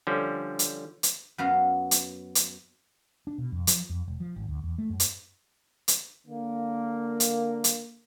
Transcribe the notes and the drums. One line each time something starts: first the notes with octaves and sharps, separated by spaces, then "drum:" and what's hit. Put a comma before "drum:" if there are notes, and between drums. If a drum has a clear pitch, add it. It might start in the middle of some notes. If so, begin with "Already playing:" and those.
D3 F3 G3 C#4
drum: hi-hat
drum: hi-hat
F#2 B3 F5 A#5
drum: hi-hat
drum: hi-hat
D4
B2
F2
F3, drum: hi-hat
F2
E1
F3
G#1
D2
E2
A3
F#2
drum: hi-hat
drum: hi-hat
D3 A#3
drum: hi-hat
drum: hi-hat